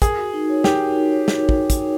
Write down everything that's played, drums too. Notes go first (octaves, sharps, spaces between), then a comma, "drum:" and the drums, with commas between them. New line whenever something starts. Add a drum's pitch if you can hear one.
G#4 A#4, drum: kick, hi-hat
F#4
D#4
C#5
G4 A#4, drum: snare
F#4
D#4
C#5
drum: snare
drum: kick
drum: kick, hi-hat